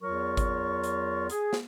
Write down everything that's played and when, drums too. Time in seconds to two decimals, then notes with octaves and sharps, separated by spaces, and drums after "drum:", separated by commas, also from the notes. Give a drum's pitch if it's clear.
0.02 E2 F#3 F4 A#4 C#6
0.37 drum: kick G#1, hi-hat
0.84 drum: hi-hat
1.30 G#4, drum: hi-hat
1.53 drum: snare